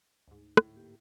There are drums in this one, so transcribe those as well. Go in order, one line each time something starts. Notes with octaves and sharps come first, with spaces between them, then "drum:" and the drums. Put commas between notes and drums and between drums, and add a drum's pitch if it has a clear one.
D2 G#2
A2, drum: rim click
A#3 G4